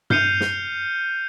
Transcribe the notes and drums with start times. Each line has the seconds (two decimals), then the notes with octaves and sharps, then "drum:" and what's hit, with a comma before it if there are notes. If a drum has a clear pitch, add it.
0.10 F6 G6 C7 C#7 D#7 F7, drum: tom G2
0.40 drum: snare